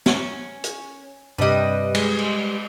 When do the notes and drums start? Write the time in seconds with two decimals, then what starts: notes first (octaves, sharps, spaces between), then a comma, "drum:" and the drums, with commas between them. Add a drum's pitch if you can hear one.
0.06 C#4, drum: snare
0.64 drum: hi-hat
1.38 G2 C3 G3 B4 D#5
1.95 G#3, drum: cymbal
2.19 drum: cymbal